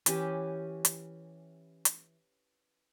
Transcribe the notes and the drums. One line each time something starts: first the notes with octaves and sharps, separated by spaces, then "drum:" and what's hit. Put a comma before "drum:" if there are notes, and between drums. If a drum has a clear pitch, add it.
E3 C#4 G4, drum: hi-hat
drum: hi-hat
drum: hi-hat